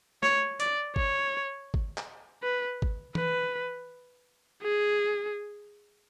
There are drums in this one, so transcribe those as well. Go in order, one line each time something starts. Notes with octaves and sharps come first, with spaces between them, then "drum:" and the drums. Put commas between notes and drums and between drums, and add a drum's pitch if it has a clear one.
C#5, drum: snare
D5, drum: hi-hat
C#5, drum: kick
drum: kick
drum: clap
B4
drum: kick
B4, drum: tom E3
G#4